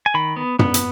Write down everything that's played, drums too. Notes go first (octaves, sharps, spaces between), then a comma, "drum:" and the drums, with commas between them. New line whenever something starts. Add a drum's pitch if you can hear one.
G#5
D#3 B5
B3
B3, drum: tom
drum: hi-hat